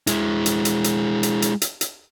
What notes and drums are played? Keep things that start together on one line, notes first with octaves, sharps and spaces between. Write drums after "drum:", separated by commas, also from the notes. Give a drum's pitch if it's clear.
G#3 E4, drum: hi-hat
drum: hi-hat
drum: hi-hat
drum: hi-hat
drum: hi-hat
drum: hi-hat
drum: hi-hat
drum: hi-hat